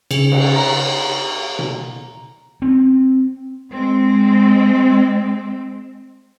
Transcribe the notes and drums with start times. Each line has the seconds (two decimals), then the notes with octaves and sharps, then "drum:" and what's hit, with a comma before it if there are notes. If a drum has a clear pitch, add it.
0.11 C#3, drum: cymbal
0.32 drum: cymbal
0.56 A#5
1.59 drum: tom B2
2.62 C4
3.70 G#3 C4